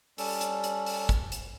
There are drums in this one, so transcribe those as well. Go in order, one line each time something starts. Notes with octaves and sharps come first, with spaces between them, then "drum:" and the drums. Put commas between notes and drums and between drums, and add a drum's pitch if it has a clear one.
G3 C#4 A4, drum: open hi-hat
drum: hi-hat
drum: hi-hat
drum: open hi-hat
drum: kick, hi-hat
drum: hi-hat